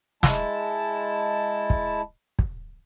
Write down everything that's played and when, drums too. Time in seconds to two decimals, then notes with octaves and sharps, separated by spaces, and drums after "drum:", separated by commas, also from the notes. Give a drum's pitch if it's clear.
0.23 G#3 E4 A5, drum: snare
1.70 drum: kick
2.39 drum: kick